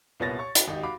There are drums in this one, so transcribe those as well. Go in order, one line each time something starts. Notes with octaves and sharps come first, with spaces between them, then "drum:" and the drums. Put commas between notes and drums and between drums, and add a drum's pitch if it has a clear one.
C2 A#2 B3 C#5 A6 A#6
C#5 C#6
F#4, drum: hi-hat
G#1 D#4 G4
F#4 F5 B5 D6